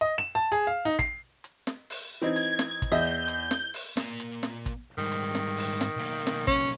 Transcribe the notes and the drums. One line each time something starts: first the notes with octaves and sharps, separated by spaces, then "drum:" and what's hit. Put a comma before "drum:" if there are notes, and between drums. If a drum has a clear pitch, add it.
D#5
E7
A5
G#4, drum: hi-hat
F5
D#4
C7, drum: kick, hi-hat
drum: hi-hat
drum: snare
drum: open hi-hat
E3 C4 D#4 G#6
drum: hi-hat
drum: snare
drum: kick, hi-hat
E2 D#5 E5 G6
drum: hi-hat
drum: snare
drum: open hi-hat
A#2 A#5, drum: snare
drum: hi-hat
drum: snare
drum: kick, hi-hat
G#2 D#3 G3
drum: hi-hat
drum: snare
drum: open hi-hat
drum: snare
B1 A#3
drum: snare
C#4, drum: kick, hi-hat